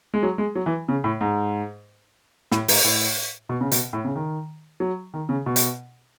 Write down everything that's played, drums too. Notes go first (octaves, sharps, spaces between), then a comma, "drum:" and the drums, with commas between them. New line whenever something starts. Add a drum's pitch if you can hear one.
G#3
F#3
G#3
F#3
E3
C#3
A2
G#2
A2, drum: snare
G#2, drum: open hi-hat
A2
B2
C#3
B2, drum: hi-hat
A2
C#3
D#3
F#3
D#3
C#3
B2
drum: hi-hat